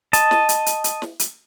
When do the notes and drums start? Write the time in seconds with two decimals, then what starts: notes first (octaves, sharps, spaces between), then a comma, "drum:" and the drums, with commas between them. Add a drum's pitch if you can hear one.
0.13 D#5 A5, drum: hi-hat
0.31 drum: snare
0.49 drum: hi-hat
0.66 drum: hi-hat
0.84 drum: hi-hat
1.02 drum: snare
1.19 drum: hi-hat